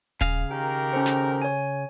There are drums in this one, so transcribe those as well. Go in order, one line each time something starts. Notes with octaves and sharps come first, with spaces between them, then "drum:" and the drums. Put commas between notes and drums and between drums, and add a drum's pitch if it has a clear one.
C#3 G#4 F5, drum: kick D#1
D#3 G4 A#4
C#4 A4 C5
drum: snare
C#5 G#5